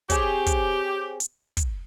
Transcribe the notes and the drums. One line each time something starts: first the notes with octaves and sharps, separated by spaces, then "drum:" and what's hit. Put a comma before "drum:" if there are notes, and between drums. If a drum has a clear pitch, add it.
C4 G4 G#4 C#5, drum: kick, hi-hat
drum: kick, hi-hat
drum: hi-hat
drum: kick, hi-hat